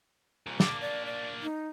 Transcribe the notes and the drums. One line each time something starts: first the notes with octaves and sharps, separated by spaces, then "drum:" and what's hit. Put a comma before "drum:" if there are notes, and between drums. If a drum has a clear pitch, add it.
C2 A#2
A#3 D4 D6, drum: snare
D5
D5
D#4